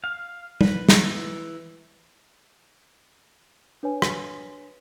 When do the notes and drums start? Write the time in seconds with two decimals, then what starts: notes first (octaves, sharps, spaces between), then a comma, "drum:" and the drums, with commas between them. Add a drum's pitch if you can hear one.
0.04 F5
0.61 B4, drum: tom
0.89 drum: snare
1.00 E3
3.83 D4 B4 C#5 G#5
4.02 drum: rim click